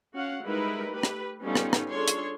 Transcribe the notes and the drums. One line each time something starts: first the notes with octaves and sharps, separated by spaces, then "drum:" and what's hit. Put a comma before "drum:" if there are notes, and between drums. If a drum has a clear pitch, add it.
C#4 F#4 F5 F#5
G3 G#3 D#4 E4 A#4 B4
A3 G4 B4
drum: rim click
G3 B3 C#4 D#4 F4 A4
drum: rim click
drum: rim click
D4 F4 G#4 A4 C#5 C6
drum: hi-hat